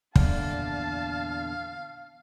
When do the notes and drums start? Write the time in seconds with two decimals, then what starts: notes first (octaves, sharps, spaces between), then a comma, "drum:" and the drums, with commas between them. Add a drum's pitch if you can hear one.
0.16 E2 A#2 D3 F5 A5, drum: kick